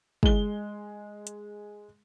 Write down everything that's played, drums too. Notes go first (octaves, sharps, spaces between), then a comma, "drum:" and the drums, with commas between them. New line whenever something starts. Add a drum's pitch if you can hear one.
G#3 G7, drum: kick
drum: hi-hat